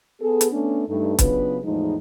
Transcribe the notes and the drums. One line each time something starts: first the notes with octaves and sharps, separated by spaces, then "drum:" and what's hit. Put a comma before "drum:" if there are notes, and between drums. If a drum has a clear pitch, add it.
B3 G#4 A4
drum: hi-hat
A3 B3 C#4 D4
G2 A3 D#4
C#3 F#3 B3 D4 F4 B4, drum: kick, hi-hat
E2 A2 F3 G#3 D#4